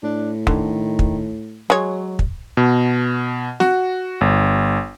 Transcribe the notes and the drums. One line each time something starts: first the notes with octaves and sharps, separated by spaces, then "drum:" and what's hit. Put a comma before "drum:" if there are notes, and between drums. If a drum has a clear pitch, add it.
A2 D4
D3 D#3, drum: kick
drum: kick
F#3 G#3 C#5
drum: kick
B2
F#4, drum: snare
G1